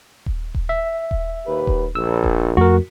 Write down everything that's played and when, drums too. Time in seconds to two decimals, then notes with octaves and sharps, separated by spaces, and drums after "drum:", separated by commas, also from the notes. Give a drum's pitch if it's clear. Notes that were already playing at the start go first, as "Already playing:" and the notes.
0.26 drum: kick D#1
0.55 drum: kick D#1
0.69 E5
1.11 drum: kick D#1
1.47 D#2 G4 B4
1.67 drum: kick D#1
1.95 A#1 E6
2.24 drum: kick D#1
2.57 F2 A3 F#4 A#4